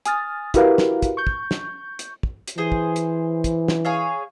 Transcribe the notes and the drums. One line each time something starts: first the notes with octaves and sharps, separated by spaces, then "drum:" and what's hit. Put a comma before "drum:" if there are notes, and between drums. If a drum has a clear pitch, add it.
G#5 D#6 F6 A6, drum: hi-hat
E4 F#4 G4 A#4 B4 F5, drum: kick, hi-hat
drum: snare
drum: kick, hi-hat
C#6 G6
drum: kick
drum: snare
drum: hi-hat
drum: kick
drum: hi-hat
E3 G#4 C5
drum: kick
drum: hi-hat
drum: kick, hi-hat
drum: snare
G#4 C#5 F5